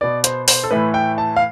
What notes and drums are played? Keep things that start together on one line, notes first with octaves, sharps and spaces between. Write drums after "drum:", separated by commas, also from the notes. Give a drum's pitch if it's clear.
B2 B3 D5
C5, drum: hi-hat
C5, drum: open hi-hat
A4
A2 E3 A3 B4
G5
A5
F5